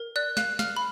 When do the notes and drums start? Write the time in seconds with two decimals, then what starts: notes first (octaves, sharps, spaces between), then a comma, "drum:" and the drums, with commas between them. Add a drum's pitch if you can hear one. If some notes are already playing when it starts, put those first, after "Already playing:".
Already playing: A#4
0.16 D5 F#6
0.37 F5 F#6, drum: snare
0.59 F5 F6, drum: snare
0.76 B5